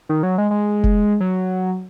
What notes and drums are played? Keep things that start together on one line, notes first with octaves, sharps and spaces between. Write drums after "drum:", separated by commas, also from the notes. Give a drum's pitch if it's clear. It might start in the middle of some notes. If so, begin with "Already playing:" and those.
D#3
F#3
G#3
G#3
drum: kick F1
F#3